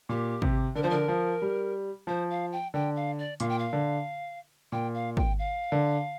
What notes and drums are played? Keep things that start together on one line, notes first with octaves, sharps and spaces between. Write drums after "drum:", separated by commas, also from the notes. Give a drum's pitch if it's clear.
A#2 G4
C3, drum: kick
D3 A#4
F3 C5
D3 A#4
F3
G3
F3 C5
F5
G5
D3 G5
F5
D5
A#2 F5, drum: hi-hat
G5
F5
D3
A#2 G5
F5
G5, drum: kick
F5
D3